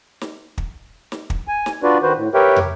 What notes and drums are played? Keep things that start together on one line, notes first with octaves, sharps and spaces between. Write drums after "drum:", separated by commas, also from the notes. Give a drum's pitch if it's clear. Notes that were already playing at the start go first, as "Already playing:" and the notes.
drum: snare
drum: kick
drum: snare
drum: kick
G#5
drum: snare
D4 F4 F#4 B4 D5
D#3 F#4 B4 C5
A2
G4 A#4 B4 C#5 E5 G5
drum: tom